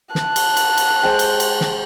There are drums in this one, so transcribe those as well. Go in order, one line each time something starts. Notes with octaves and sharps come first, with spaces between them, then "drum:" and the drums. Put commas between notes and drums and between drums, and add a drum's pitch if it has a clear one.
A5 F#6, drum: snare
drum: cymbal
drum: cymbal
drum: cymbal
G#3 C5 G5
drum: cymbal
drum: cymbal
drum: snare